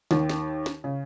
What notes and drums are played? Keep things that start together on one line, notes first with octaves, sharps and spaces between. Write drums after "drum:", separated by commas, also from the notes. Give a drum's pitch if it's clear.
D#2 D#3, drum: snare
drum: snare
drum: snare
C#3